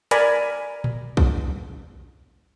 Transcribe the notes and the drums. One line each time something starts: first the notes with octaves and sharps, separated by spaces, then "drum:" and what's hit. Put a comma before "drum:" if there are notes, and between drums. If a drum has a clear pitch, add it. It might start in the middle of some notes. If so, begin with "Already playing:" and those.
A#4 D5 G#5 A#5 B5, drum: hi-hat
drum: tom A#2
drum: kick A#1